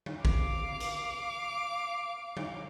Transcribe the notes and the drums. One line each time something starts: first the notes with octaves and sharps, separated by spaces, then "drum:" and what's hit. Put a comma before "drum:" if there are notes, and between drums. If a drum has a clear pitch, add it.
drum: tom F#3
F5 D6, drum: kick A1
drum: hi-hat
drum: tom F#3